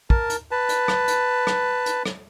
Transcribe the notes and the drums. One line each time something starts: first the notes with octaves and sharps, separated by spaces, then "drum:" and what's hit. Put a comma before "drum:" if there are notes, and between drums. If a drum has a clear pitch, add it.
A#4 A5, drum: kick
drum: hi-hat
B4 A5
drum: hi-hat
drum: rim click
drum: hi-hat
drum: rim click
drum: hi-hat
drum: rim click